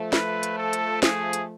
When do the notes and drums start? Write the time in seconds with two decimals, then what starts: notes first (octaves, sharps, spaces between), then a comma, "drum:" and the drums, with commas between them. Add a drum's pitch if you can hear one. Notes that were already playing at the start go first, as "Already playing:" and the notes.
Already playing: F3 A3
0.13 B4, drum: snare
0.43 drum: hi-hat
0.58 A4
0.73 drum: hi-hat
1.03 G#4, drum: snare
1.33 drum: hi-hat